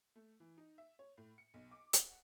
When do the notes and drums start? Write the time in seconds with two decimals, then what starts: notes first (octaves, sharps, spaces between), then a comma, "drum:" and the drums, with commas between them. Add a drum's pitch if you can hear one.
0.15 A3
0.40 E3
0.58 D#4
0.78 E5
0.99 C#5
1.18 A2
1.38 C#7
1.54 B1
1.71 D6
1.93 F#5, drum: hi-hat